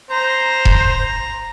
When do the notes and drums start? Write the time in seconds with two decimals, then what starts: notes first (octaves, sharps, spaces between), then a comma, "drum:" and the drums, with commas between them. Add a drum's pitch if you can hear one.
0.11 C5 A#5
0.65 drum: kick E1